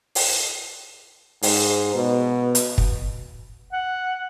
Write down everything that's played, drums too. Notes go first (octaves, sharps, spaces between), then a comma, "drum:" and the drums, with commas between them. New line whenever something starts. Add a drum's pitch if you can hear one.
drum: open hi-hat
G#2, drum: open hi-hat
B2
drum: hi-hat
drum: kick
F#5